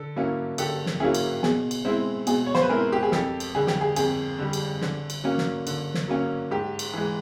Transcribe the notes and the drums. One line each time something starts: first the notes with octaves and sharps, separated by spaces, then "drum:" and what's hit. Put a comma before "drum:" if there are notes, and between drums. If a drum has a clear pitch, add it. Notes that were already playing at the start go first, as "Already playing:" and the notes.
Already playing: D3 A4
F#3 A#3 C#4 E4
D3 G4 A4, drum: cymbal
drum: snare
F#3 A#3 C#4 E4 G#4
drum: cymbal
B2 G#4, drum: snare
drum: cymbal
G#3 C4 E4
B2 G#4, drum: cymbal
C#5
C5, drum: snare
B4
G#3 C4 E4 G#4 A#4
G4
G#4
F2 G4 A4, drum: snare
drum: cymbal
D3 G3 G#4
G4, drum: snare
G#4
F2 G#4, drum: cymbal
D3 G3
drum: cymbal
D3, drum: snare
drum: cymbal
F#3 A#3 C#4
drum: snare
D3, drum: cymbal
drum: snare
F#3 A#3 C#4
G#2 G4
drum: cymbal
E3 G#3